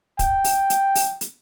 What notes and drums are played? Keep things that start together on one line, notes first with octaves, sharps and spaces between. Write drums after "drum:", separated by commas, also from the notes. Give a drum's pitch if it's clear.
G5, drum: kick, hi-hat
drum: open hi-hat
drum: hi-hat
drum: open hi-hat
drum: hi-hat